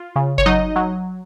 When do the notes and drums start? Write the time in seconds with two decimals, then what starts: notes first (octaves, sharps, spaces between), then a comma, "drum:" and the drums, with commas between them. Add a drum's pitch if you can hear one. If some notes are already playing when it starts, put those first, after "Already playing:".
Already playing: F4
0.16 C#3
0.38 C#5, drum: kick G1
0.46 F#3 D#4 D#5
0.76 F#3